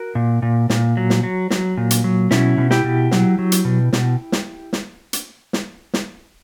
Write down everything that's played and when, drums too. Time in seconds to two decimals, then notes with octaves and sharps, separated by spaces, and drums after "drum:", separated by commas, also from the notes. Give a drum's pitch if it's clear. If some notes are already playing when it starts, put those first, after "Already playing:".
Already playing: F#4 A#4
0.15 A#2
0.42 A#2
0.70 A#2, drum: snare
0.97 F#3
1.10 drum: snare
1.23 F#3
1.51 F#3, drum: snare
1.77 A#2
1.91 drum: hi-hat
2.04 F#3
2.31 B2 C#4 E4, drum: snare
2.58 B2
2.71 E4 G4, drum: snare
2.84 B2
3.11 F#3, drum: snare
3.39 F#3
3.52 drum: hi-hat
3.65 B2
3.93 B2, drum: snare
4.32 drum: snare
4.73 drum: snare
5.13 drum: hi-hat
5.53 drum: snare
5.94 drum: snare